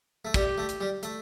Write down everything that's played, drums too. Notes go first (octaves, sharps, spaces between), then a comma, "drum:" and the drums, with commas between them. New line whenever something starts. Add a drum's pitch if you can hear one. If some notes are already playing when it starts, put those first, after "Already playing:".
A3
G3 G4, drum: kick, hi-hat
A3
drum: hi-hat
G3
A3, drum: hi-hat